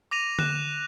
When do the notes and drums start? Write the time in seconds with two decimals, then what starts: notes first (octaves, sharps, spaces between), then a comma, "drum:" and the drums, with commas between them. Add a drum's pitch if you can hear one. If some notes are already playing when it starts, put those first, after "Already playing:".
0.11 D6 A#6 D#7 F7
0.39 F#6 E7, drum: tom D3